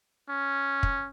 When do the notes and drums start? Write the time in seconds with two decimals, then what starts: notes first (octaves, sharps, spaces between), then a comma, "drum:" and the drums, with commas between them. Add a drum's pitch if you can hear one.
0.29 C#4
0.83 drum: kick